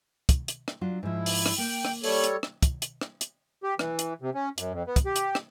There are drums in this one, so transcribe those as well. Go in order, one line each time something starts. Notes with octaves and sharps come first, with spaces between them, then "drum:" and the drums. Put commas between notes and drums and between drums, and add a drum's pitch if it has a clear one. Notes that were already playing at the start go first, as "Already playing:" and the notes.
drum: kick, hi-hat
drum: hi-hat
drum: rim click
F#3 D4 F4
G#2 F3 E4
drum: open hi-hat
drum: rim click
A#3 G5
drum: rim click
G3 A4 C#5, drum: open hi-hat
drum: hi-hat
drum: rim click
drum: kick, hi-hat
drum: hi-hat
drum: rim click
drum: hi-hat
G4
E3, drum: rim click
drum: hi-hat
C3
C#4
F#2, drum: hi-hat
F2
B3
drum: kick, hi-hat
G4
drum: hi-hat
drum: rim click